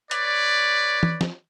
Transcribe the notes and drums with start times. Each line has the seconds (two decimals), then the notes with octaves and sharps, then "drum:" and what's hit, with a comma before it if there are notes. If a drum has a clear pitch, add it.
0.11 B4 C#5 D5, drum: hi-hat
1.03 drum: tom
1.21 drum: snare